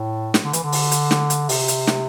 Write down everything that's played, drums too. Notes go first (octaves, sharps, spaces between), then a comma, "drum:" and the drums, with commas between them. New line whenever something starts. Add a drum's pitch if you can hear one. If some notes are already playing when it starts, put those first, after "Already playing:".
Already playing: A2
drum: snare
D3
E3, drum: hi-hat
D3
drum: open hi-hat
drum: hi-hat
drum: snare
drum: hi-hat
C3, drum: open hi-hat
drum: hi-hat
drum: snare